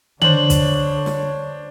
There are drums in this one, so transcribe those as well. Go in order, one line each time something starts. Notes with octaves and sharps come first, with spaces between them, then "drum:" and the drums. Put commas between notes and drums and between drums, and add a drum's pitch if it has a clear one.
D3 D4 C5 C#5 F#7, drum: tom D3
drum: kick, hi-hat
drum: snare